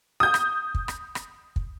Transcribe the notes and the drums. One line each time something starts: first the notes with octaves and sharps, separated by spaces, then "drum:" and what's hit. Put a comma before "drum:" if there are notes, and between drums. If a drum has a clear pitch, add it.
D#6 G6
drum: rim click
drum: kick
drum: rim click
drum: rim click
drum: kick